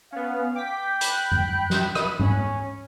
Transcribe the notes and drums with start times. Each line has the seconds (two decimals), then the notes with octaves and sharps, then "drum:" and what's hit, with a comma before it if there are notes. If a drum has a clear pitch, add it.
0.12 B3 C#4 F5
0.56 G5 D6 B6
1.01 B5 F#6, drum: hi-hat
1.32 drum: tom F#2
1.70 drum: snare
1.95 drum: rim click
2.20 C#4, drum: tom G#2